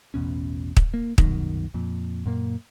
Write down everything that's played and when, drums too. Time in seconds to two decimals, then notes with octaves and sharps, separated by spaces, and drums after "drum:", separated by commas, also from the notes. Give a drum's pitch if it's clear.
0.14 A1 E2 B2 C#4
0.77 drum: kick
0.94 A#3
1.18 C2 F#2 B2 D#3, drum: kick
1.74 F2 A#2
2.26 F#2 A#2 A#3